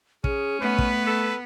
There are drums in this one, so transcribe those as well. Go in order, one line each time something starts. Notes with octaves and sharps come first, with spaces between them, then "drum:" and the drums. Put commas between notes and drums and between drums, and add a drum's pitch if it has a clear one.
C#4 G#4, drum: kick
A3 B3 B4
drum: kick
A4